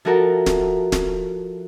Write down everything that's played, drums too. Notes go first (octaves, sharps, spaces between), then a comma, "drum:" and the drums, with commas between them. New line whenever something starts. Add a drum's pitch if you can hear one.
F3 E4 F#4 A4 A#4
drum: snare
drum: snare